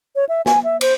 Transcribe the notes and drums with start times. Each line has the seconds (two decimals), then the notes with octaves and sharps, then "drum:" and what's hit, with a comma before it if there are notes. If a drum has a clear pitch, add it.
0.16 C#5
0.29 E5
0.46 G#5, drum: snare
0.64 E5
0.81 C5, drum: cymbal